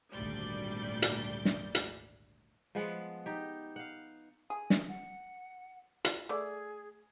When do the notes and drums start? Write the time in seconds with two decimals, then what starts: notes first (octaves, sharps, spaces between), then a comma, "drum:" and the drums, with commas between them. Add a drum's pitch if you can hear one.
0.13 G#1 D2 A#2 G3 D5 G6
1.02 drum: hi-hat
1.45 drum: snare
1.75 drum: hi-hat
2.75 F3 G#3 B3 F#5
3.26 D#4 G4
3.76 F5 F#5
4.50 G#4 G#5
4.70 drum: snare
4.89 F#5
6.05 F4, drum: hi-hat
6.29 A3 G#4 D5